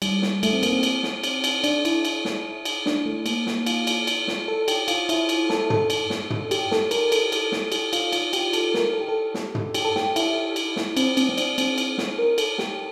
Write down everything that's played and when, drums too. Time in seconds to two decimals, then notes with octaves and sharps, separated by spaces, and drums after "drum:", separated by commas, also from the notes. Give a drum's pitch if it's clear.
0.02 G3, drum: cymbal
0.22 drum: snare
0.43 A3, drum: cymbal
0.53 C4
0.63 A#3, drum: cymbal
0.72 C4
0.83 drum: cymbal
1.03 drum: snare
1.24 drum: cymbal
1.44 drum: cymbal
1.64 D4, drum: cymbal
1.85 E4, drum: cymbal
2.05 drum: cymbal
2.25 drum: snare
2.65 drum: cymbal
2.86 D4, drum: snare
3.06 A3
3.26 A#3, drum: cymbal
3.46 drum: snare
3.66 F4, drum: cymbal
3.87 drum: cymbal
4.07 drum: cymbal
4.28 drum: snare
4.48 A4
4.68 G4, drum: cymbal
4.88 F4, drum: cymbal
5.09 E4, drum: cymbal
5.29 drum: cymbal
5.50 A4, drum: snare
5.70 A4, drum: tom
5.90 drum: cymbal
6.10 drum: snare
6.30 drum: tom
6.51 G4, drum: cymbal
6.71 A4, drum: snare
6.91 A#4, drum: cymbal
7.12 A4, drum: cymbal
7.32 A4, drum: cymbal
7.52 drum: snare
7.72 G4, drum: cymbal
7.93 F4, drum: cymbal
8.12 F4, drum: cymbal
8.33 G4, drum: cymbal
8.53 A4, drum: cymbal
8.74 A#4, drum: snare
8.93 A4
9.01 G4
9.09 A4
9.34 drum: snare
9.55 drum: tom
9.74 G4, drum: cymbal
9.84 A4
9.96 G4, drum: snare
10.16 E4, drum: cymbal
10.56 drum: cymbal
10.76 drum: snare
10.97 C4, drum: cymbal
11.17 C4, drum: cymbal
11.29 C4
11.38 D4, drum: cymbal
11.58 C4, drum: cymbal
11.78 drum: cymbal
11.98 drum: snare
12.18 A#4
12.38 A4, drum: cymbal
12.58 G4, drum: snare